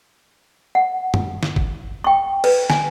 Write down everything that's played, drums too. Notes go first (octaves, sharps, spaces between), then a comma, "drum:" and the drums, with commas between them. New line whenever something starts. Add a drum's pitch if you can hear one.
F#5
drum: tom F#2
drum: snare
drum: kick G#1
G5 C#6
B4, drum: cymbal
G#5, drum: snare